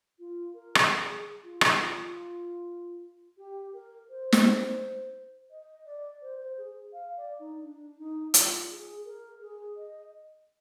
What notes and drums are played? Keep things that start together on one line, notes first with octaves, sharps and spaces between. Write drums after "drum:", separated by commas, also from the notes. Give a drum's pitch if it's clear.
F4
A#4
drum: rim click
G#4
F4
D#4, drum: rim click
F4
F4
G4
A#4
C5
drum: snare
D#5
D5
C5
C5
G#4
F5
D5
D#4
D4
D#4
F4, drum: hi-hat
G#4
A#4
G#4
D#5